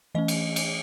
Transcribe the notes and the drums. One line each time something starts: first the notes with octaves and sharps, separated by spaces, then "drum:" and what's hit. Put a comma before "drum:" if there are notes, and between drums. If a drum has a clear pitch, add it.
E3 A3 C#4 D#5
drum: cymbal
drum: cymbal